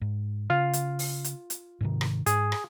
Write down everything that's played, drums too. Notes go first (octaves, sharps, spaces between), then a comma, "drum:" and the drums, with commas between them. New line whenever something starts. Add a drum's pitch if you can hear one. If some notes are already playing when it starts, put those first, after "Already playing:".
G#2
C#3 F4 F5
drum: hi-hat
drum: open hi-hat
drum: hi-hat
drum: hi-hat
G#2 C3 D#3
drum: rim click
G#2 G#4, drum: hi-hat
drum: rim click